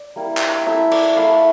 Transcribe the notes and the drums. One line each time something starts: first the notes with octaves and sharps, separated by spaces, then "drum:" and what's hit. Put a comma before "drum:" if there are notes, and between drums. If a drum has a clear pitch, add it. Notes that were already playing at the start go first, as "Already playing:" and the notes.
Already playing: D5
G3 A#3 E4
drum: clap
A3 E4 E5
D5, drum: cymbal
A3 E4 F5